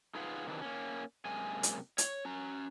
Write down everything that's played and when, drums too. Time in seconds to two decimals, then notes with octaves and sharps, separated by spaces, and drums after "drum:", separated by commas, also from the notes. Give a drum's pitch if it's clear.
0.15 D#4 F4 G#4 B4 F5 F#5
0.47 C3 D#3 E3 F#3 D4
0.61 A#3 C#4
1.25 F#2 C3 G#3 A#3 G#5
1.63 drum: hi-hat
1.98 C#5, drum: hi-hat
2.25 C#4 A#5